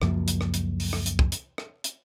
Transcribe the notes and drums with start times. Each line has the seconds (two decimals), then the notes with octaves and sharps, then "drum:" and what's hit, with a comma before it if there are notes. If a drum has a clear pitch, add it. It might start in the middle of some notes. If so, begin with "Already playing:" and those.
0.02 C#2 F#2 F3 A#3, drum: rim click
0.28 drum: hi-hat
0.41 drum: rim click
0.54 drum: hi-hat
0.80 drum: open hi-hat
0.93 drum: rim click
1.06 drum: hi-hat
1.19 drum: kick
1.32 drum: hi-hat
1.58 drum: rim click
1.84 drum: hi-hat